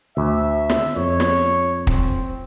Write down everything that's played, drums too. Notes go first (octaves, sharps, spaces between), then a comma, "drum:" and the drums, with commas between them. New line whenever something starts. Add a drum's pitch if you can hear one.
D2 E5
drum: snare
F2 C#5
drum: snare
C4, drum: kick